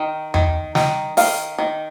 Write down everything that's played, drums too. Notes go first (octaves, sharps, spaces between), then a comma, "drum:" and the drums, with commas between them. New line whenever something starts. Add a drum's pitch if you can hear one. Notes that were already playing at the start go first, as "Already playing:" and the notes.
Already playing: D#3
D#3, drum: tom E2
D#3, drum: snare
D#3 F5, drum: open hi-hat
D#3